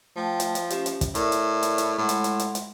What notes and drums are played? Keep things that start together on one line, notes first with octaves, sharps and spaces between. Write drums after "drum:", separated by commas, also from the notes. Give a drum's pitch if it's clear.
F3 A3 G5 A5
drum: hi-hat
drum: hi-hat
C#4 G4, drum: hi-hat
drum: hi-hat
drum: kick, hi-hat
A2 A#4 D5 E5, drum: hi-hat
drum: hi-hat
drum: hi-hat
drum: hi-hat
A2 G#3 F#5 C6
drum: hi-hat
drum: hi-hat
drum: hi-hat
drum: hi-hat